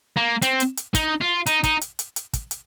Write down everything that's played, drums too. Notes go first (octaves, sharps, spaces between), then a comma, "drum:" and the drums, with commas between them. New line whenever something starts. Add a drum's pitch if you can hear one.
A#3
C4, drum: hi-hat
drum: hi-hat
drum: hi-hat
D#4, drum: kick, hi-hat
F4
D#4, drum: hi-hat
D#4, drum: kick, hi-hat
drum: hi-hat
drum: hi-hat
drum: hi-hat
drum: kick, hi-hat
drum: hi-hat